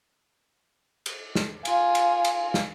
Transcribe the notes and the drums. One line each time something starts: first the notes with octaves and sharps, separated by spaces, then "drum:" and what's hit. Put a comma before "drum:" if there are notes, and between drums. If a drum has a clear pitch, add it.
drum: cymbal
drum: snare
F4 G#5, drum: cymbal
drum: cymbal
drum: cymbal
drum: snare